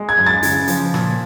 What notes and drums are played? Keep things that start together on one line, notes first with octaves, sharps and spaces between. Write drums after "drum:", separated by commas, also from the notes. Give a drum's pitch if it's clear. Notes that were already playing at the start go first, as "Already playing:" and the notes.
Already playing: G#3
G#6
F#2
A6
C#3, drum: hi-hat
F3, drum: hi-hat
A#2, drum: rim click